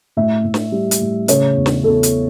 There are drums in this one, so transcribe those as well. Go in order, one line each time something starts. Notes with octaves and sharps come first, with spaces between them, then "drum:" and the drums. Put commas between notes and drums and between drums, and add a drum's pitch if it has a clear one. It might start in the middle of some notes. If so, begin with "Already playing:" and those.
A2 E5
A2
drum: snare
G3
drum: hi-hat
A2
C#3 C#5, drum: hi-hat
E2
drum: snare
E2 A4
drum: hi-hat